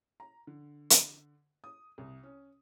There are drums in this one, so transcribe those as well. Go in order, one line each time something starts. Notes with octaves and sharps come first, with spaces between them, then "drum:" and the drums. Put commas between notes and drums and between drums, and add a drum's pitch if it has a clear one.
A#5
D3
drum: hi-hat
D#6
C2
C#4